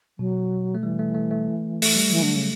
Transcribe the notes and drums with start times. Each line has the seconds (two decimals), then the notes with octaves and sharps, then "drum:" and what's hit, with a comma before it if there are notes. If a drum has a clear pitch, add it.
0.19 B2 F#3
0.75 A3
0.83 E3 G3
0.99 A3
1.15 A3
1.31 A3
1.82 A3, drum: open hi-hat
1.96 G3
2.10 E3 F#3
2.23 D3
2.36 C#3